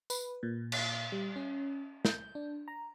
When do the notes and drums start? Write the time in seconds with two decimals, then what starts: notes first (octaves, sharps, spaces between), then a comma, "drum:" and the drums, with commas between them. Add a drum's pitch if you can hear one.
0.10 B4, drum: tambourine
0.43 A#2
0.72 drum: cymbal
1.12 G3
1.36 C#4
2.05 G6, drum: snare
2.35 D4
2.68 A#5